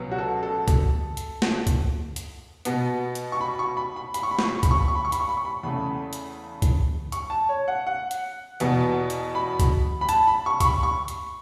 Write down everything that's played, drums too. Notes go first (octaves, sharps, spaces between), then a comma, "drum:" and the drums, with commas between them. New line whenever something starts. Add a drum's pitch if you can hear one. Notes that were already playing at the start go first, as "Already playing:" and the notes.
Already playing: C#2 B2 F#3 B3
F#4
A4
A4
drum: kick, hi-hat
drum: hi-hat
drum: snare
drum: kick, hi-hat
drum: hi-hat
B2 B3, drum: hi-hat
drum: hi-hat
C#6
B5
C#6
B5
B5
B5, drum: hi-hat
C#6
B5
C#6, drum: snare
B5
C#6
B5, drum: kick, hi-hat
C#6
B5
C#6
B5
C#6
B5, drum: hi-hat
C#6
B5
C#6
B5
E2 C#3 A3 B5
drum: hi-hat
drum: kick, hi-hat
C#6, drum: hi-hat
A5
C#5
F#5
F#5
drum: hi-hat
E2 B2 B3, drum: hi-hat
drum: hi-hat
B5
drum: kick, hi-hat
B5
A5, drum: hi-hat
B5
C#6
C#6, drum: kick, hi-hat
B5
C#6
drum: hi-hat